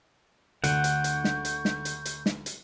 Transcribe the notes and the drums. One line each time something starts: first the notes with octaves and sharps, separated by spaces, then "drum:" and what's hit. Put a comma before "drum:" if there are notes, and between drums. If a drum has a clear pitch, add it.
D2 D3 F#5 C#6 G6, drum: hi-hat
drum: hi-hat
drum: hi-hat
drum: snare
drum: hi-hat
drum: snare
drum: hi-hat
drum: hi-hat
drum: snare
drum: hi-hat